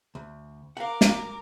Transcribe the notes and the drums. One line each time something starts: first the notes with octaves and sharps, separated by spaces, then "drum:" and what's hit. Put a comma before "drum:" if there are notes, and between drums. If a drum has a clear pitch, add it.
D2
A#4 F5 F#5 D6
drum: snare